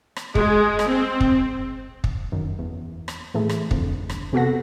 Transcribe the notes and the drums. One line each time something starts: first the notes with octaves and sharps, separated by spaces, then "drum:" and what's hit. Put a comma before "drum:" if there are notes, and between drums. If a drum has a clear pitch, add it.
drum: rim click
G#3, drum: kick
drum: rim click
C4
drum: kick
drum: kick
F#2 D#3
E2
drum: rim click
A2 E3 A3 G#4
drum: rim click
F2 D3, drum: kick
G1, drum: rim click
C3 B3 F#4 A4 F#5 A#6